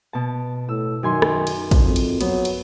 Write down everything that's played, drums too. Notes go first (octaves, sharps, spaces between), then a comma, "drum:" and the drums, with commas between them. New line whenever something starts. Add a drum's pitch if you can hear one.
B2 A5
A2 E6
F#2 D#3 G#5 C6
drum: rim click
drum: cymbal
drum: kick, cymbal
F2
drum: cymbal
F#3 B3, drum: cymbal
drum: cymbal